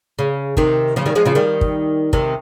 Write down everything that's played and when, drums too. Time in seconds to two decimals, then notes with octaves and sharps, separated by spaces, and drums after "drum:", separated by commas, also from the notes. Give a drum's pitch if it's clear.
0.19 C#3
0.57 C3 D#3, drum: kick
0.96 C#3 F3
1.06 D#3 G3
1.15 F3 G#3
1.25 C#3 F3
1.35 D#3 G3
1.61 drum: kick
2.13 C3 D#3, drum: kick